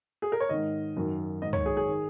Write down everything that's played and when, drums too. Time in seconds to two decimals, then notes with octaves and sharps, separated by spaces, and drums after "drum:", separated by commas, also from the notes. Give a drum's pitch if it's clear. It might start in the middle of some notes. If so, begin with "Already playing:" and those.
0.22 G#4
0.32 A#4
0.41 C#5
0.49 G#2 D#3 D#5
0.97 F#2 D#3
1.42 G#2 D#3 D#5
1.53 C#5, drum: tom
1.66 G#4
1.77 G#4
1.88 D#3